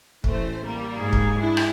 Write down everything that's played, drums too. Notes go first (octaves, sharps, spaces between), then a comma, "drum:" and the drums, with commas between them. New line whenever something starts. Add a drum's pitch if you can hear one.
A1 E3 A3 C5, drum: kick
G3 A#3
G#2 G#4
drum: kick
D4 E4
drum: rim click